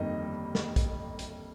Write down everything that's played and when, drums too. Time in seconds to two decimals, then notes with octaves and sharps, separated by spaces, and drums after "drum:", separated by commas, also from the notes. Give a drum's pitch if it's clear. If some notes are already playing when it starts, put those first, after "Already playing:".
Already playing: G1 F2 D#3 G3 A#3 D#5
0.55 drum: snare
0.76 drum: kick, hi-hat
1.19 drum: hi-hat